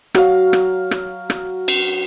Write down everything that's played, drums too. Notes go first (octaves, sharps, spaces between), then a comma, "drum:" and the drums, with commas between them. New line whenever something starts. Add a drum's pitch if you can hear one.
F#3 F5, drum: rim click
drum: rim click
drum: rim click
drum: rim click
drum: cymbal